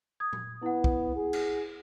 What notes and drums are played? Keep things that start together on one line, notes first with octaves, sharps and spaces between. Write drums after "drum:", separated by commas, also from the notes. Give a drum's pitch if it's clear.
D#6 G#6
drum: tom
B3 E4 F#5
drum: kick
G#4
drum: cymbal